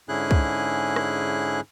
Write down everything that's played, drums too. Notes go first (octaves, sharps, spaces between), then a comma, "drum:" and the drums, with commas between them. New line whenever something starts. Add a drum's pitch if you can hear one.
G#2 D3 C#4 E4 G#4 F#6
drum: kick
drum: rim click